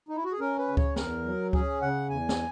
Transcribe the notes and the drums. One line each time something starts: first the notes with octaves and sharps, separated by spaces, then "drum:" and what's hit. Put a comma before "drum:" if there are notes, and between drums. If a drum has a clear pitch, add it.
D#4
E4
F#4
G#4
C#4 A#4
B4
C#3
C#5, drum: kick C#2
E2 A#4, drum: snare
F#3
C#4 G#4, drum: kick C#2
C#3 F#5
E2 G#5
drum: snare